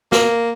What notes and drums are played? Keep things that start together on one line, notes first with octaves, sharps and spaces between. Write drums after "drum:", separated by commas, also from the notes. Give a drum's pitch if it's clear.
A#3, drum: snare